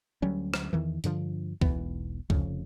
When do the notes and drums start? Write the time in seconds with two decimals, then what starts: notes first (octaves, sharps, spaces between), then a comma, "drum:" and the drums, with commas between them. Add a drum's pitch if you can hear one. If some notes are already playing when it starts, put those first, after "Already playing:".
0.22 D2 F#3 G3 C#4
0.54 drum: rim click
0.73 E2 D#3 E3
1.04 G2 D3 F3, drum: hi-hat
1.61 E1 B1 E3 B3, drum: kick C#2
2.30 F1 F2 C#3, drum: kick C#2